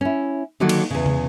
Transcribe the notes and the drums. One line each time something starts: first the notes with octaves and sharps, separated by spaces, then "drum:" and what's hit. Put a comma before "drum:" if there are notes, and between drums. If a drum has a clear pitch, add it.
C#4 E4
D3 D#3 F#3 A#3 F#4
drum: cymbal
E2 C#3
drum: tom